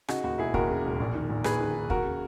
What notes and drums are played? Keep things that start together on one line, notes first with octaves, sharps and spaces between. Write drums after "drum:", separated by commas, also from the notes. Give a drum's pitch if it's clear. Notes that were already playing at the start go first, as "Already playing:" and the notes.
C#3 D#4 F#4, drum: rim click
D#2 D#4 F#4
E1 E4 G#4
D#2 F#4 A#4, drum: kick
C#3
E1
A#1
D#3
A#1
A#1 G#4 B4, drum: rim click
D#3
D#3
D#2 F#4 A#4, drum: kick
C#3